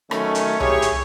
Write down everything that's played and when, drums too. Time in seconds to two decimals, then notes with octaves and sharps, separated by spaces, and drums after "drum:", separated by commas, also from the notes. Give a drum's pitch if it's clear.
0.11 D#3 F#3 A3 C#4, drum: rim click
0.35 drum: hi-hat
0.60 E4 G4 G#4 C#5, drum: tom C2
0.82 drum: hi-hat